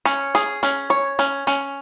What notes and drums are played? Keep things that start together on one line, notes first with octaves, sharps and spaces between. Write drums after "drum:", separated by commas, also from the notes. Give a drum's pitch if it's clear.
C#4, drum: hi-hat
G#4, drum: hi-hat
C#4, drum: hi-hat
C#5
C#4, drum: hi-hat
C#4, drum: hi-hat